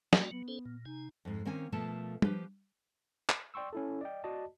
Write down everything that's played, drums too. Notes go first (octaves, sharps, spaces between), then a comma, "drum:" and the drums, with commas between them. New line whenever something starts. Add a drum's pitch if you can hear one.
G3 A#3 F#4 D5, drum: snare
F#3 B3
C#4 A4 C5
A#2
C3 D#4 G#5
F2 G#2
D#3 A#3 C4 C#4 G#5
B2 F3 A3 A#3 A4 A5
F3 G4 B4, drum: tom
drum: clap
D5 G5 C6 C#6 E6
C#4 E4 A4
D5 D#5 G5
F#4 D5 D#5 A5